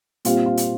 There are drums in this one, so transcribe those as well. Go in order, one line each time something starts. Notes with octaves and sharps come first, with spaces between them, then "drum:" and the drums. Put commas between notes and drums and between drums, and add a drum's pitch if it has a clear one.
A#2 G3 C4 F4, drum: hi-hat
F4
drum: hi-hat